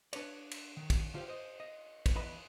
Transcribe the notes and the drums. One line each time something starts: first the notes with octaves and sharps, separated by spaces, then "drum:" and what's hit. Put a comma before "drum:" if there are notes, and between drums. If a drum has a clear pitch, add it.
D4 B4 C#5 D5, drum: cymbal
drum: cymbal
D#3
drum: kick, cymbal
D3 F4 G4 C5 F5
C5 D#5
D#5
drum: kick, cymbal
E2 B4 D5 D#5 B5